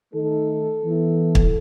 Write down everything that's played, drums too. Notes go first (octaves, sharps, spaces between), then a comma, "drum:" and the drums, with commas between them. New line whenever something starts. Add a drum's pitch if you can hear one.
D#3 A3 D#4 A4
E3 B3 E4
drum: kick